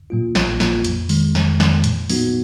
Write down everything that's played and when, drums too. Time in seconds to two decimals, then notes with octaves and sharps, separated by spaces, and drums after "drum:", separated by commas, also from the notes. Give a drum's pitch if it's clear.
0.10 A#2 F#3 A#3 F4
0.35 A#1, drum: snare
0.60 A#2 F#3 A#3 F4, drum: snare
0.85 F2, drum: hi-hat
1.09 D#3 G#3, drum: open hi-hat
1.35 F2, drum: snare
1.60 D#3 G#3, drum: snare
1.84 A#2, drum: hi-hat
2.10 F#3 B3 D#4 F#4, drum: open hi-hat